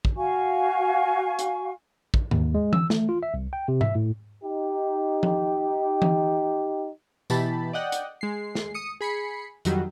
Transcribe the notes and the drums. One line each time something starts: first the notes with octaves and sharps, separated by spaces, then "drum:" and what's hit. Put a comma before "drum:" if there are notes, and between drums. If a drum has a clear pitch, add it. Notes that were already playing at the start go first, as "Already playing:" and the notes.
drum: kick
F#4 F5 G#5 C#6
drum: hi-hat
drum: kick
D#2, drum: tom G#2
G#3
E6, drum: tom E3
A3, drum: snare
F4
E5
C2
G5
C3
E5, drum: tom G#2
A2
D#4 G4
drum: tom F3
drum: tom E3
B2 E3 G4 A5 B5, drum: tambourine
D5 D#5 F#5 G5
drum: hi-hat
G#3 C7
drum: snare
D#6 C#7
G#4 B5 C7 C#7
F2 D#3 F#3 G3, drum: hi-hat